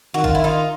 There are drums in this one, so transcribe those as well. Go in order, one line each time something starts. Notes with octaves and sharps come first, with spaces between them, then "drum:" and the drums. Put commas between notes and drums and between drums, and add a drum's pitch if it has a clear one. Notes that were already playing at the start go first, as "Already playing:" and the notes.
D#3 F#4
F4, drum: kick A1
E4
D#4 F4